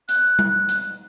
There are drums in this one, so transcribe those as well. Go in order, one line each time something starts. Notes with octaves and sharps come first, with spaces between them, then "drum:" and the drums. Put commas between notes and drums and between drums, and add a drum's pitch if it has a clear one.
F#6, drum: hi-hat
drum: tom G3
drum: hi-hat